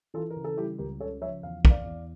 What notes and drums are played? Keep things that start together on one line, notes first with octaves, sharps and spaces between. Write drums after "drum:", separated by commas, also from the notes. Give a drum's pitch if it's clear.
E3 F4 A4
A#4
C#3
A4
G3 E4 G4
C#2 G4 A#4
C#3 A4 C#5
F3 C#5 E5
E2 F5
E2, drum: kick
D5 F5
E2